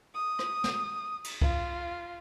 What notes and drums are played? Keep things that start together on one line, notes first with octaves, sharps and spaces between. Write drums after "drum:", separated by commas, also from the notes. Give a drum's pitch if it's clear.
D#6
drum: rim click
drum: snare
drum: cymbal
F4, drum: kick C2